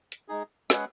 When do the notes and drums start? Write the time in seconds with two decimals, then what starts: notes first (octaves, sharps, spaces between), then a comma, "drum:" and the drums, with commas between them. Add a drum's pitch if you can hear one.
0.12 drum: hi-hat
0.28 G#3 D#4 G#4
0.70 G#3 C#4 G#4 B4 F#5, drum: snare